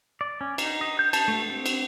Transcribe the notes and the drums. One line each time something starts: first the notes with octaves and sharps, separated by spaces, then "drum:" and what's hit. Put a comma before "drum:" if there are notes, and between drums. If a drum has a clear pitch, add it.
D5
C#4
D#4, drum: cymbal
D#5
G6
A5, drum: cymbal
A3
C4
drum: cymbal